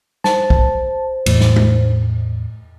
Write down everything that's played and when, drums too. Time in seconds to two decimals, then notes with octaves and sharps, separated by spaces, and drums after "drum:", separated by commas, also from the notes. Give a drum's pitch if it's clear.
0.24 C5 A5, drum: snare
0.50 drum: kick
1.26 E2 A2, drum: cymbal
1.40 drum: snare
1.56 drum: tom